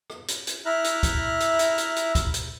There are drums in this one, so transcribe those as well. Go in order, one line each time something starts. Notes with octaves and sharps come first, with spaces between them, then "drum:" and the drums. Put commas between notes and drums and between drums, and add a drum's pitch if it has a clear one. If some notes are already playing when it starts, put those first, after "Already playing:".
drum: rim click
drum: hi-hat
drum: hi-hat
E4 E5 A#5 F6 F#6
drum: hi-hat
drum: kick, hi-hat
drum: hi-hat
drum: hi-hat
drum: hi-hat
drum: hi-hat
drum: kick, hi-hat
drum: hi-hat